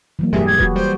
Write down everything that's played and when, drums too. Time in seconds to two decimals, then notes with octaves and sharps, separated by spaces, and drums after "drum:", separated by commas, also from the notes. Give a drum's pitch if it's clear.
0.19 E3 F#3 A#3
0.33 E1 G2 G#3 G4 G#4 E5
0.47 G#6
0.59 F#4 B4, drum: kick E1
0.76 G3 C5